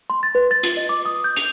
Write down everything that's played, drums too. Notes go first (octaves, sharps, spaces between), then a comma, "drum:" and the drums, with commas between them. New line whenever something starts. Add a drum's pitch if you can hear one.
C6
A6
B4
A6
F4, drum: hi-hat
D#5
D6
D#6
G6
F7, drum: hi-hat